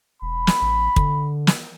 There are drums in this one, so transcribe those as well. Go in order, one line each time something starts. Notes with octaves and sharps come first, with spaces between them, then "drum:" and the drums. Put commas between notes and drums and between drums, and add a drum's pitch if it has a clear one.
E1 B5
drum: snare
A1
D3, drum: kick
drum: snare